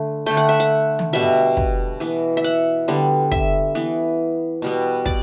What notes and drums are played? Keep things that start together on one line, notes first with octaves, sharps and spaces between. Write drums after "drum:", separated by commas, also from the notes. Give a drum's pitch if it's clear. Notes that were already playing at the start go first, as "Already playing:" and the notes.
Already playing: D3 A3
D3 A3 G5
F#5
E5
F#5
drum: tom
B2 G3 B3 E5
drum: kick
E3 B3
E5
F#5
D3 G3 B3
E5, drum: kick
E3 B3
B2 G3 B3
D5, drum: kick